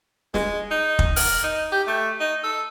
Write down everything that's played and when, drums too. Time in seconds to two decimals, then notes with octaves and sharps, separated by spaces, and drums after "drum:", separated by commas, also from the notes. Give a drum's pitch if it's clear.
0.34 G#3, drum: snare
0.71 D#4
0.99 drum: kick
1.16 A#4, drum: open hi-hat
1.44 D#4
1.72 G4
1.87 A3
2.20 D#4
2.44 A4